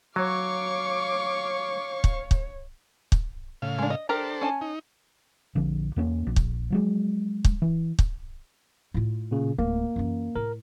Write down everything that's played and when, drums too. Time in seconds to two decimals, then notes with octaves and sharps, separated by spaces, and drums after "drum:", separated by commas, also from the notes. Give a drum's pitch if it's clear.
0.16 F#3 C#5 F5 C#6 D6
2.04 drum: kick
2.31 drum: kick
3.12 drum: kick
3.62 A2 C#3 F5
3.78 G#3 D4
3.90 D#5
4.09 D4 G4 A4 A#4 C5 A#5
4.41 C#4 G#5 A5
4.61 D#4
5.55 A#1 D3 F3
5.96 E2 A#3 C#4
6.27 A#1
6.36 drum: kick
6.70 F3 F#3 G#3
7.45 drum: kick
7.62 E3
7.99 drum: kick
8.94 A2 F4
9.31 A#2 C#3
9.59 D1 A3 A#3
9.96 F#2 E3
10.36 A2 A#4